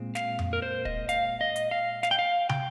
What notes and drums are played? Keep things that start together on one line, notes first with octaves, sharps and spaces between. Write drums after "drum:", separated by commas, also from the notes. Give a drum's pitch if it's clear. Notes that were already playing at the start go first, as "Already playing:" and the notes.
Already playing: A#2 G#3 C4
F5, drum: snare
drum: tom F2
A#4
C5
D#5, drum: kick
F5, drum: hi-hat
D#5
drum: hi-hat
F5
F5, drum: snare
G5
F5
G5, drum: tom